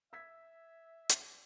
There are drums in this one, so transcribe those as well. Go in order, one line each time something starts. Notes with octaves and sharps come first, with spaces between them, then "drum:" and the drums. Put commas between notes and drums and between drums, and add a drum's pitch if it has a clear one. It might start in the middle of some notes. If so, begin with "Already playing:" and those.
E5 E6 G#6 B6
drum: hi-hat